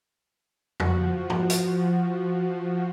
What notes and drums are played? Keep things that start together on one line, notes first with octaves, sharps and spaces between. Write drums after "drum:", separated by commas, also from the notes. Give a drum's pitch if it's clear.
F3 F#4, drum: tom F2
drum: tom
drum: hi-hat